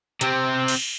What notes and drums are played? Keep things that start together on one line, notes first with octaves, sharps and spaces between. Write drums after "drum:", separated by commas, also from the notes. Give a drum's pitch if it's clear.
C3 C4, drum: hi-hat
drum: cymbal